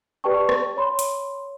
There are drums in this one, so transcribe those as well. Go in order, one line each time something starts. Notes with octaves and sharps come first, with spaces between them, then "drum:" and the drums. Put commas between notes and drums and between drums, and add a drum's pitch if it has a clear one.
G4 B4 D5 G5 A5 C#6
drum: rim click
C#5 B5 C6
drum: hi-hat